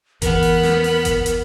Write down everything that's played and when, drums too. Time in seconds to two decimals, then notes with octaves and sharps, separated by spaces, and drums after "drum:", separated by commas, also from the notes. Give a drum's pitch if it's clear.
0.22 E2 B3 A#4 B5, drum: kick G1, hi-hat
0.43 drum: open hi-hat
0.63 drum: snare
0.84 drum: open hi-hat
1.05 drum: kick G1, hi-hat
1.26 drum: hi-hat